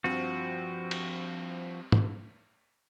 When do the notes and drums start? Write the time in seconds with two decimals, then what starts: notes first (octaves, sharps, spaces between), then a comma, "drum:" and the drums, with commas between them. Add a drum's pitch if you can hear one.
0.04 G2 F3 C4 F#4
0.91 drum: cymbal
1.92 drum: tom